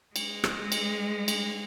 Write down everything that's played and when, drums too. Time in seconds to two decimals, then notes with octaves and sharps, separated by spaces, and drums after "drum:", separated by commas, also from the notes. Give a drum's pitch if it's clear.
0.16 G#3, drum: cymbal
0.44 drum: rim click
0.72 drum: cymbal
1.28 drum: cymbal